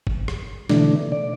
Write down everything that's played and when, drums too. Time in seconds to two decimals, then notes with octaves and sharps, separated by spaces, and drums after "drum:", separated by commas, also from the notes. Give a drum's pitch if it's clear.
0.07 drum: kick
0.28 drum: rim click
0.69 B2 D3 E3 A3 D4, drum: snare
1.12 D5